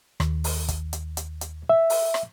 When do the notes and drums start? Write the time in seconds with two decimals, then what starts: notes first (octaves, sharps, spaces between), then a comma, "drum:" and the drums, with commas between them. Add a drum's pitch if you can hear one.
0.20 D#2, drum: rim click
0.44 drum: open hi-hat
0.68 drum: kick, hi-hat
0.93 drum: hi-hat
1.17 drum: hi-hat
1.41 drum: hi-hat
1.69 E5
1.90 drum: open hi-hat
2.14 drum: rim click